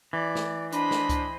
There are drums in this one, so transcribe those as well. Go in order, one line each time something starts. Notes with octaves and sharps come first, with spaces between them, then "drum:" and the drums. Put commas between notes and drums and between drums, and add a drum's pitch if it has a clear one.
E3 D5
drum: snare
D4 C5 D#5 B5, drum: hi-hat
drum: snare
drum: kick C#2, hi-hat